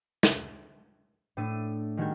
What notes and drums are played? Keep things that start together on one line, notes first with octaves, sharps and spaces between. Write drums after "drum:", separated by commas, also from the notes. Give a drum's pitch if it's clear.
drum: snare
A2 A3 D4 D5 D#7
D#3 G3 F#4 G#4 A#4 G6